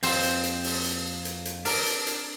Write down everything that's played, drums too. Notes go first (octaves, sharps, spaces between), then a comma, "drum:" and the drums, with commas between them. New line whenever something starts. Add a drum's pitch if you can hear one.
F2 A#3 C4 C5, drum: open hi-hat
drum: hi-hat
drum: hi-hat
drum: open hi-hat
drum: hi-hat
drum: hi-hat
drum: hi-hat
D4 A#4, drum: open hi-hat
drum: hi-hat
drum: hi-hat